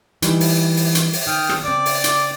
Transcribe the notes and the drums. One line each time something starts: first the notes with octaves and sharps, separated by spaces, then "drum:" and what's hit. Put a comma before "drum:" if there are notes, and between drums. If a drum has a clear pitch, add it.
E3 G3 D#4, drum: hi-hat
drum: open hi-hat
drum: open hi-hat
drum: hi-hat
drum: open hi-hat
D#3 G5 D#6 F6
drum: rim click
C#3 C4 D5 D6
drum: open hi-hat
drum: hi-hat